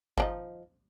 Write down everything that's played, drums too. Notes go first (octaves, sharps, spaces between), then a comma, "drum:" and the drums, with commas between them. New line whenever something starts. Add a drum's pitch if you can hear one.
F3 D4 D#4, drum: kick G1